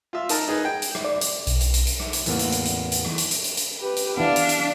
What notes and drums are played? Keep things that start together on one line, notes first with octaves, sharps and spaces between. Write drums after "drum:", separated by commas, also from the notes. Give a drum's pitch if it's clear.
F4 E5
D#4 A#4 A5, drum: hi-hat
D#4 G#4 B4
G5
drum: hi-hat
drum: rim click
D5
drum: hi-hat
B1, drum: hi-hat
drum: hi-hat
drum: hi-hat
drum: hi-hat
drum: rim click
drum: hi-hat
E2 A2 E3 G3 A#3 B3, drum: hi-hat
drum: hi-hat
drum: hi-hat
drum: hi-hat
drum: hi-hat
drum: rim click
drum: hi-hat
drum: hi-hat
drum: hi-hat
drum: hi-hat
G4 B4
drum: hi-hat
E3 B3 D4 F5
drum: hi-hat
drum: hi-hat